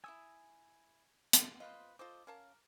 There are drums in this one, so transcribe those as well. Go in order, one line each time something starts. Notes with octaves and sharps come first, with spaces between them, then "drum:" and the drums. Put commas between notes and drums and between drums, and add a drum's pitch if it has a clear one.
E4 C#5 G#5 D#6 E6
drum: hi-hat
F4 B4 C5 D#5
F4 A4 C5 D#5 D6
C#4 A#4 F5 A5